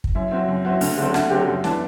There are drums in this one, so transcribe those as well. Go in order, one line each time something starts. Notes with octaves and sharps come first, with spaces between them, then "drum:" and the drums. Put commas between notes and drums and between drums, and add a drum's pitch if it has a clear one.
drum: kick
F#2 E4
F#3 C4 E4
F#2
F#3 C4 E4
D2, drum: open hi-hat
D3 F#3 C4
D2 F#4, drum: rim click
D3 F#3 C4 G4
F#2
E3 B3 D4, drum: snare